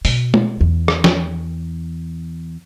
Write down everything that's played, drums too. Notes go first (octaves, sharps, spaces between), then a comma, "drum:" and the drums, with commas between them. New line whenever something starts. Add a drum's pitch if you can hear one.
B2, drum: open hi-hat
drum: tom
E2
drum: rim click
drum: snare